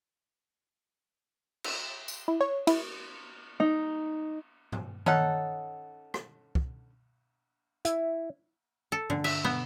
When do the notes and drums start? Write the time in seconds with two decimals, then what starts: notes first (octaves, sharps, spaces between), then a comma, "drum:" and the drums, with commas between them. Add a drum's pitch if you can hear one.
1.64 drum: cymbal
2.08 drum: tambourine
2.28 E4
2.41 C#5
2.67 E4, drum: cymbal
3.60 D#4
4.72 drum: tom G2
5.06 C#4 D#4 A4 F#5, drum: tom D#3
6.14 drum: rim click
6.55 drum: kick
7.85 E4, drum: hi-hat
8.92 A4
9.10 D3, drum: tom G2
9.24 E5, drum: cymbal
9.44 B3, drum: tom